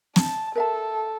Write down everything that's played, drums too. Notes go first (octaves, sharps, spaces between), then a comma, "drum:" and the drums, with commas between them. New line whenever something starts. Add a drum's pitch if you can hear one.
A5, drum: snare
A4 A#4 E5 A5